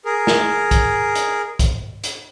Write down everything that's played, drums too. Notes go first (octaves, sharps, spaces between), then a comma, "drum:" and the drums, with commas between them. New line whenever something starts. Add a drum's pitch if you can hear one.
G#4 A#4
drum: snare
drum: kick, hi-hat
drum: hi-hat
drum: kick, hi-hat
drum: hi-hat